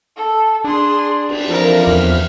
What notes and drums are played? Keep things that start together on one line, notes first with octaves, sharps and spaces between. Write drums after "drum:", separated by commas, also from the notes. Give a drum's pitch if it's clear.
A4
D4 G#4 C6
drum: cymbal
F2 E3 F3 A#4
E2 F6